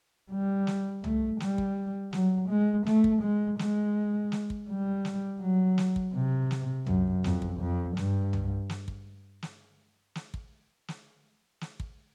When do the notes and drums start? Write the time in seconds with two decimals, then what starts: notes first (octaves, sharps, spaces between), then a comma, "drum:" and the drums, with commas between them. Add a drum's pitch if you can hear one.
0.31 G3
0.67 drum: snare
1.04 A3, drum: tom C2
1.40 G3, drum: snare
1.58 drum: kick
2.13 F#3, drum: snare
2.49 G#3
2.86 A3, drum: snare
3.04 drum: kick
3.22 G#3
3.59 G#3, drum: snare
4.32 drum: snare
4.50 drum: kick
4.69 G3
5.05 drum: snare
5.41 F#3
5.78 drum: snare
5.96 drum: kick
6.15 C3
6.51 drum: snare
6.87 F#2, drum: tom C2
7.24 F2, drum: snare
7.42 drum: kick
7.60 F2
7.97 G2, drum: snare
8.33 drum: tom C2
8.70 drum: snare
8.88 drum: kick
9.42 drum: snare
10.15 drum: snare
10.34 drum: kick
10.88 drum: snare
11.61 drum: snare
11.80 drum: kick